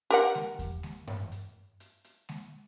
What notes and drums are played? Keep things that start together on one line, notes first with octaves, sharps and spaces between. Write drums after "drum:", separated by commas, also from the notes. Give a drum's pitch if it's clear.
G4 A#4 F#5, drum: hi-hat
drum: snare G#3
drum: kick E2, hi-hat
drum: snare G#3
drum: tom G2
drum: hi-hat
drum: hi-hat
drum: hi-hat
drum: snare G#3